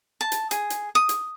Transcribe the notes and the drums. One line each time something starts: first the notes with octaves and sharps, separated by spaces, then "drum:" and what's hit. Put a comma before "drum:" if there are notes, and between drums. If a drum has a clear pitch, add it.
A5
drum: hi-hat
G#4, drum: hi-hat
drum: hi-hat
D#6
drum: hi-hat